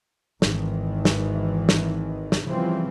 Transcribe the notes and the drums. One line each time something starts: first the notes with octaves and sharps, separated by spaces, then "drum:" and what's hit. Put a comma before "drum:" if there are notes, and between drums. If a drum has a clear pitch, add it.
G#1 D#3 E3, drum: snare
drum: snare
drum: snare
drum: snare
C#3 E3 F3 G3 C4